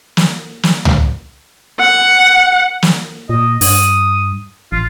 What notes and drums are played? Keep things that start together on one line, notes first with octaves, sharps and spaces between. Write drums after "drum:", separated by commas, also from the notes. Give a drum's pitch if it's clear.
drum: snare
drum: snare
drum: tom C#2
F#5
drum: snare
A#2 D#5
G2 D#6, drum: open hi-hat
A1 F4